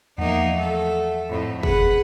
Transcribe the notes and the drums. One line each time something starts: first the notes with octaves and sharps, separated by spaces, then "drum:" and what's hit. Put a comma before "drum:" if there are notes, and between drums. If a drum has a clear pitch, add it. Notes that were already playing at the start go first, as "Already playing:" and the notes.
E2 F3 A#3 D#4 E5 F#5
A3 A4
F2 A2
E1 G#4 B4 F#5, drum: kick